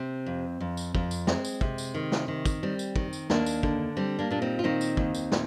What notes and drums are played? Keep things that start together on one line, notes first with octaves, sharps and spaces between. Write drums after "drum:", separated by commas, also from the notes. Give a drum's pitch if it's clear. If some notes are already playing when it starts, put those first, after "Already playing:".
Already playing: C3 C4
F2
F2
drum: tambourine
F2, drum: kick
drum: tambourine
G#3 C4, drum: snare
drum: tambourine
C3, drum: kick
drum: tambourine
D#3
drum: snare
D#3
drum: kick, tambourine
G3 C4
drum: tambourine
D#3, drum: kick
drum: tambourine
D#2 A#3 D4, drum: snare
drum: tambourine
D3, drum: kick
G3 C4
A#3 D4
A#2 D4
C4 D#4
F4
D#3 C4 D#4
drum: tambourine
D#2, drum: kick
drum: tambourine
A#2, drum: snare